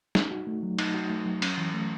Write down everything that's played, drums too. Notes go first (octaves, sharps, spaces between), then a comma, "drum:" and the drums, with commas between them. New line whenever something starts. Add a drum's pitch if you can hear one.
D#4, drum: snare
F#4
A3
F#3
D#4, drum: cymbal
F#4
A3
F#3
C#4, drum: cymbal
E3
A3